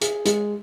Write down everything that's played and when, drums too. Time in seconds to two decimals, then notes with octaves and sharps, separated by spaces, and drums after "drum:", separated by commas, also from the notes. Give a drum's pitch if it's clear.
0.01 G#4, drum: hi-hat
0.25 G#3, drum: hi-hat